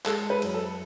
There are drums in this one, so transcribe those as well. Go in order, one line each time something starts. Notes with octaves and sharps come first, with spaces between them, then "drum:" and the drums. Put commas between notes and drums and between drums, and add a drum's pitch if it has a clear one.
G#3 A4, drum: clap
B4
F#2, drum: cymbal
A4